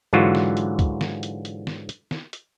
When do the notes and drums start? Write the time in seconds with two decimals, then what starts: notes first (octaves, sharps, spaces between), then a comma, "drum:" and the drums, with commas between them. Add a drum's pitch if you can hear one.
0.13 G#2 D3 E3 F#3 F4 F#4
0.35 drum: snare
0.57 drum: hi-hat
0.79 drum: kick C2, hi-hat
1.01 drum: snare
1.23 drum: hi-hat
1.45 drum: hi-hat
1.67 drum: snare
1.89 drum: hi-hat
2.11 drum: snare
2.33 drum: hi-hat